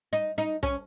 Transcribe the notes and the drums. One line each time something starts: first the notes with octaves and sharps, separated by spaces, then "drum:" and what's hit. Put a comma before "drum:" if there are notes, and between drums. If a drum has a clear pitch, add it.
D#4
D#4
C#4, drum: kick, hi-hat